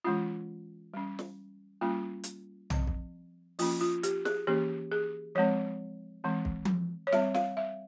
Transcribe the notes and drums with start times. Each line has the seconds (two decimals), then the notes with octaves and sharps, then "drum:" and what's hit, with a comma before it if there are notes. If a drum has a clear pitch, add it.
0.04 E3 G#3 C#4 F4
0.94 G3 C#4
1.19 drum: snare
1.81 G3 A#3 C#4 F4
2.24 drum: hi-hat
2.70 F3 C4, drum: tom
2.87 drum: kick B1
3.59 F3 A#3 C#4 F4, drum: open hi-hat
3.81 F4
4.03 G4, drum: hi-hat
4.25 G#4, drum: snare
4.47 E3 A#3 C#4 G4
4.92 G#4
5.35 F3 G#3 C4 C#5
6.24 E3 G#3 C4
6.45 drum: kick B1
6.65 drum: tom F3
7.07 C#5
7.12 G3 C4 E5, drum: snare
7.34 F5, drum: snare
7.57 E5